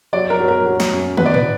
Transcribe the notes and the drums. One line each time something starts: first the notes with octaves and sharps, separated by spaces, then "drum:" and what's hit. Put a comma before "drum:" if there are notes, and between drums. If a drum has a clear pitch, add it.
F#3 D5
A#4
F#3
A#4
F#3
drum: snare
F#2
B3 B4, drum: tom
D5
B4, drum: tom G#2